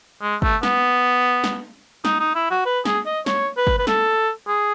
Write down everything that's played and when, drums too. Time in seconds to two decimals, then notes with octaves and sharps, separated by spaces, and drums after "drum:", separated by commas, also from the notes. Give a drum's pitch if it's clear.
0.21 G#3
0.42 A3, drum: kick
0.63 B3, drum: snare
1.44 drum: snare
2.05 D#4, drum: snare
2.20 D#4
2.35 E4
2.51 F#4
2.66 B4
2.85 G#4, drum: snare
3.06 D#5
3.26 C#5, drum: snare
3.57 B4
3.67 drum: kick
3.79 B4
3.87 A4, drum: snare
4.48 G#4